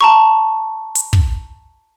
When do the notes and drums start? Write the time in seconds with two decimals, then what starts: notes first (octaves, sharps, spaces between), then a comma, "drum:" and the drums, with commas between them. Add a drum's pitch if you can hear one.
0.01 A5 A#5 C#6
0.95 drum: hi-hat
1.13 drum: kick